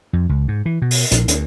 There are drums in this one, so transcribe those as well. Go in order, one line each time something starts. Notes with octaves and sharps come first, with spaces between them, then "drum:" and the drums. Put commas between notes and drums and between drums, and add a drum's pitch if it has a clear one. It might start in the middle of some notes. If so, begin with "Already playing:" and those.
F2
C#2
G#2
E3
B2
drum: open hi-hat
A#1, drum: hi-hat
D2, drum: hi-hat